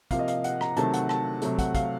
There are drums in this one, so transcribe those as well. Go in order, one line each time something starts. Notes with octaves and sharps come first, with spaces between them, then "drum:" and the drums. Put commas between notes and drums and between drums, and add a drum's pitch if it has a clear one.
C3 F3 A#3 F5, drum: kick, hi-hat
D#5
F5, drum: hi-hat
F#5, drum: hi-hat
A#5, drum: rim click
C3 D#3 F#3 A3 A5, drum: hi-hat
F#5, drum: hi-hat
A5, drum: rim click
C3 F#3 A3, drum: hi-hat
F#5, drum: kick, hi-hat
F5, drum: kick, hi-hat